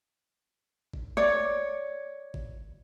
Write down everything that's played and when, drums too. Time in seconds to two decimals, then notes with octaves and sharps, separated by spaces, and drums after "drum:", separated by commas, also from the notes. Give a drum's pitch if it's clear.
0.94 drum: kick G#1
1.17 C#5 D5
2.34 drum: kick G#1